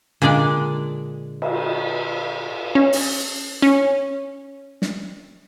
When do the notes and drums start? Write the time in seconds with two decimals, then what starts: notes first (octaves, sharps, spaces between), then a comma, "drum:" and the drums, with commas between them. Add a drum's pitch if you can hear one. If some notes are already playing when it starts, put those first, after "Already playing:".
0.22 A#2 D3 G#3 D4 D5
1.42 drum: cymbal
2.75 C#4
2.93 drum: open hi-hat
3.62 C#4
4.82 drum: snare